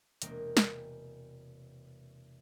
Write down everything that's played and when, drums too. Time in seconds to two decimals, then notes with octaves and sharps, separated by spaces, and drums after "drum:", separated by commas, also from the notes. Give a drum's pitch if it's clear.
0.22 E1 C3 G#3 A#3 A#4 G5, drum: hi-hat
0.57 drum: snare